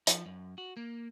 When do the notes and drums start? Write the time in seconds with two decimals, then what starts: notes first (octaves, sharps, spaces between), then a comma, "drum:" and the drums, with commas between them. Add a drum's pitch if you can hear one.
0.07 F3, drum: hi-hat
0.26 F#2
0.58 F#4
0.77 A#3